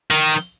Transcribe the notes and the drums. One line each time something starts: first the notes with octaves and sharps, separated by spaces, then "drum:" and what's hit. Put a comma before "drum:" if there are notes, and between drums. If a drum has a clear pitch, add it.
D#3
drum: hi-hat